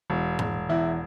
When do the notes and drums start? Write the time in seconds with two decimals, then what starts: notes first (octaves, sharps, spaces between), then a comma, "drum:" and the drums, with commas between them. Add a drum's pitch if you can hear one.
0.10 E1
0.39 E1, drum: tom G#2
0.69 E2 E4